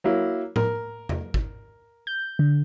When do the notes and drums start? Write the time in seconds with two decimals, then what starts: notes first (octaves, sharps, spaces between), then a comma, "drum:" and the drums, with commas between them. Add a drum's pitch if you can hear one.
0.04 F#3 A#3 E4
0.56 A#4, drum: tom A2
1.09 drum: tom E2
1.34 drum: kick G#1
2.07 G6
2.39 D3